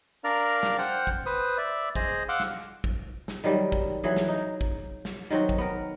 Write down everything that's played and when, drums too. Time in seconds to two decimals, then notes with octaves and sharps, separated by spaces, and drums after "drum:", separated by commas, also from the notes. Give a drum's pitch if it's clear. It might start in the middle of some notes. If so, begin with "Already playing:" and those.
0.24 D4 A#4 D5 F5 A#5 F6
0.63 drum: snare
0.79 C5 F#5 G5 F6
1.07 drum: kick
1.26 B4 C5 D#6
1.58 D5 E5
1.95 G#4 C5 D#5, drum: kick
2.29 F5 F#5 C6 D6 E6 F#6
2.40 drum: snare
2.84 drum: kick
3.28 drum: snare
3.44 D#3 F#3 G3
3.72 drum: kick
4.04 E3 F#3 G#4
4.17 drum: snare
4.28 D#4
4.61 drum: kick
5.05 drum: snare
5.30 D#3 F#3 C4 F#4
5.49 drum: kick
5.58 B3 A#4